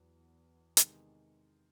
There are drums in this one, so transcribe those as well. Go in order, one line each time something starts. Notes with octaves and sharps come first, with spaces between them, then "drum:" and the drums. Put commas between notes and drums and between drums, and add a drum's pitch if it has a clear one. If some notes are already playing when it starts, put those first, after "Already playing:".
Already playing: E2 F#3
C3 D#3 G#3, drum: hi-hat